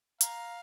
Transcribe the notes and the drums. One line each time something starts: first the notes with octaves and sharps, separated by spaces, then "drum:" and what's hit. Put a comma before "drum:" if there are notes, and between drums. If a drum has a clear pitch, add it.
F5 A#5, drum: hi-hat